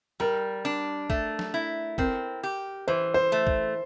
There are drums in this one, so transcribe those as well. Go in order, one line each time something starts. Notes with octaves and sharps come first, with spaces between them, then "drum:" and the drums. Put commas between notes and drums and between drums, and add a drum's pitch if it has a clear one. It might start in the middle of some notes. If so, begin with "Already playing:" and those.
G3 A#4
D4
A3, drum: kick
drum: snare
E4
C4 A#4, drum: kick
G4
E3 C5
C5
A3
drum: kick